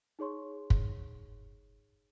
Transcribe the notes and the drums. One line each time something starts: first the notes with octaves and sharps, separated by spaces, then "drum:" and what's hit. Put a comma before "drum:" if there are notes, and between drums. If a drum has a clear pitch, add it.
D#4 G#4 C#5 C6 C#6
drum: kick